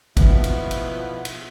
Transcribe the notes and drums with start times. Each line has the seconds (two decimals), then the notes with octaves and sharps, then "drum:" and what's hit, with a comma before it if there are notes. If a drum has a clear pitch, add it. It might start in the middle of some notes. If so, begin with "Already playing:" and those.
0.17 B2 F3 B3 E4 F4, drum: kick, cymbal
0.44 drum: cymbal
0.71 drum: cymbal
1.25 drum: cymbal